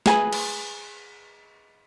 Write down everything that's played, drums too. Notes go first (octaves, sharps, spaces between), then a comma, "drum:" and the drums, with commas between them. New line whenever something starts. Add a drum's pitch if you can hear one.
G#4 B4 G#5 B5, drum: snare
drum: cymbal